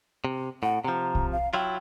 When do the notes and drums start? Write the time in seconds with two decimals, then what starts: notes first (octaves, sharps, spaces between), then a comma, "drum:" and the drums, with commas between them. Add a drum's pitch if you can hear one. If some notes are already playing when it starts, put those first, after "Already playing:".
0.25 C3
0.63 A2 F#5
0.84 C3 F3 A#5
1.15 drum: kick B1
1.32 F5
1.54 F#3 E4 F4 G5